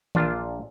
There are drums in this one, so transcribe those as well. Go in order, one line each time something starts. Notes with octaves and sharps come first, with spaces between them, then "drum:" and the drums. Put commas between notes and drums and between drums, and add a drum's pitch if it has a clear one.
A#1 A#2 D4 F4, drum: tom D#3